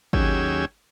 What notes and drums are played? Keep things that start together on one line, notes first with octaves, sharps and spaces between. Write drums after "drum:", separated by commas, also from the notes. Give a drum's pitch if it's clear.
D#2 F#3 C#4 G4 G#4 E6, drum: kick G#1